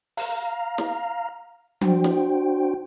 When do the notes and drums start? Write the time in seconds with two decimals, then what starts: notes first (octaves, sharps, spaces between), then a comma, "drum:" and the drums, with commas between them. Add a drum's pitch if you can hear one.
0.17 F5 A#5, drum: open hi-hat
0.78 drum: snare
1.81 D4 F#4 C5 G5, drum: tom F3
2.04 drum: snare